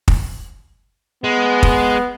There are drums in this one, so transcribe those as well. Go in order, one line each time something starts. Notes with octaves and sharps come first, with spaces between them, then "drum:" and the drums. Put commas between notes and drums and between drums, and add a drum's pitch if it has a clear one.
drum: kick
G#3 B3
drum: kick